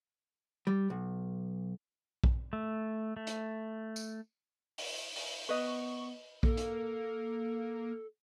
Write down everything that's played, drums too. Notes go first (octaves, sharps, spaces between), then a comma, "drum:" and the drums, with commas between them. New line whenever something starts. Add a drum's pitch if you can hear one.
G3
B1
drum: kick A#1
A3
A3
drum: hi-hat
drum: tambourine
drum: open hi-hat
drum: open hi-hat
B3 B4 D#5 C#6
A#3 A4, drum: kick A#1
drum: hi-hat